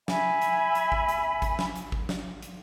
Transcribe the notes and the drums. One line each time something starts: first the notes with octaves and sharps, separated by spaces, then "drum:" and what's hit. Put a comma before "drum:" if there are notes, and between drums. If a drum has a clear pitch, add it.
E5 G#5 B5, drum: snare
drum: hi-hat
drum: hi-hat
drum: kick G#1
drum: hi-hat
drum: kick G#1, hi-hat
drum: snare
drum: hi-hat
drum: kick G#1
drum: snare
drum: hi-hat